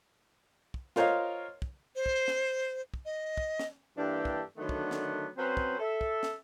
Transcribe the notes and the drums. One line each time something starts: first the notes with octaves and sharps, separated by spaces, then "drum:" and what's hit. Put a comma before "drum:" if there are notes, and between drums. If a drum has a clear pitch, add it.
drum: kick
F4 A#4 C5 C#5 D#5 F5, drum: snare
drum: kick
C5
drum: kick
drum: snare
drum: kick
D#5
drum: kick
drum: snare
G2 E3 A#3 D4 G4 A4
drum: kick
D3 D#3 F#3 A3 B3 D4
drum: kick
drum: snare
F#3 C4 C#4 B4 C5
drum: kick
A4 E5
drum: kick
drum: snare